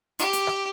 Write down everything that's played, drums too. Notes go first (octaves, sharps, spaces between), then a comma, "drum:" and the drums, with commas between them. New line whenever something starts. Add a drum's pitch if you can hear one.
G4, drum: hi-hat
drum: hi-hat
drum: rim click